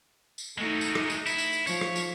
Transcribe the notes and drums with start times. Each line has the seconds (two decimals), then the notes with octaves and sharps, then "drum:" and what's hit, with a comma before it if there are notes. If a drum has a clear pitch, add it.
0.38 drum: tambourine
0.58 G#3 A3 D#4 F#4
0.81 drum: tambourine
0.95 drum: rim click
1.10 drum: tambourine
1.26 E4, drum: tambourine
1.38 drum: tambourine
1.53 drum: tambourine
1.67 F3 C#5, drum: tambourine
1.81 drum: rim click
1.96 drum: tambourine